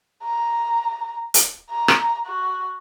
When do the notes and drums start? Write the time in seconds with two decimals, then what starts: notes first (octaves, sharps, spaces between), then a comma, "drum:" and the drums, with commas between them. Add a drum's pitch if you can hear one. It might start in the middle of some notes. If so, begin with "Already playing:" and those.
0.24 A#5
1.34 drum: hi-hat
1.70 A#5
1.88 drum: rim click
2.26 F#4